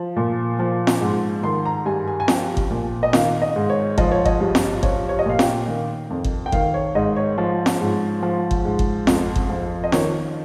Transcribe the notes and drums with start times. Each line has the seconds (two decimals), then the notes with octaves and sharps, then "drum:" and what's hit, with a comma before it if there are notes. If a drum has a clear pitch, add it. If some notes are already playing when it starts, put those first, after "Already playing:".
Already playing: F3
0.17 A#2
0.59 F3
0.87 drum: snare
1.01 G#2
1.44 D#3 C6
1.65 A#5
1.86 G2 G#5
2.08 G#5
2.20 G#5
2.28 F3 G5, drum: snare
2.57 drum: kick G1
2.71 A#2
3.03 D#5
3.13 D#3 F5, drum: snare
3.42 D#5
3.56 G#2
3.70 C#5
3.98 F3 D#5, drum: kick G1
4.12 C#5
4.26 D#5, drum: kick G1
4.40 G2
4.55 drum: snare
4.83 F3 C#5, drum: kick G1
5.09 C#5
5.19 D#5
5.26 A#2 F5
5.39 G5, drum: snare
5.68 D#3
6.10 F2
6.24 drum: kick G1
6.46 G5
6.52 D#3 F5, drum: kick G1
6.74 C#5
6.95 G#2 D#5
7.16 C#5
7.38 F3
7.66 drum: snare
7.81 G#2
8.22 F3
8.51 drum: kick G1
8.65 G#2
8.79 drum: kick G1
9.07 F2, drum: snare
9.36 drum: kick G1
9.49 F3
9.84 D#5
9.92 D#3 C#5, drum: snare